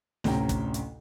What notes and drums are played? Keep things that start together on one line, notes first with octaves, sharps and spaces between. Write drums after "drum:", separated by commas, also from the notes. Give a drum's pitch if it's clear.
A1 D2 C3 C#4 G5 A#5, drum: snare
drum: kick, hi-hat
drum: hi-hat